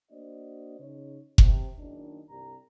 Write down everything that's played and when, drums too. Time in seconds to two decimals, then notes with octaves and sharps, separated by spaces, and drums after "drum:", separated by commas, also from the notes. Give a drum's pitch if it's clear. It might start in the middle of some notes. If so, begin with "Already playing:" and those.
0.10 A#3 D4 F#4 C5 D5 D#5
0.79 C#3 D#4 C#5
1.38 C3, drum: kick F#1
1.77 F#1 D#3 D4
2.29 C2 G2 G3 G4 A#5